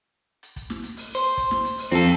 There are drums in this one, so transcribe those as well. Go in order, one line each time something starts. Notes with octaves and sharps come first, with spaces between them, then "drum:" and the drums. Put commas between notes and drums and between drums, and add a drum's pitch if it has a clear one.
drum: hi-hat
drum: kick, hi-hat
drum: snare
drum: hi-hat
drum: open hi-hat
C5
drum: kick, hi-hat
drum: snare
drum: hi-hat
drum: open hi-hat
F2 C4 A4, drum: hi-hat